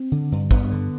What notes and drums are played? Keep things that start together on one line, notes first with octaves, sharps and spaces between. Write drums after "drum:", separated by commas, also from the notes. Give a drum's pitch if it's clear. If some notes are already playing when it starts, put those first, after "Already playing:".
Already playing: C4
D3
G2
G2 B3, drum: kick
D3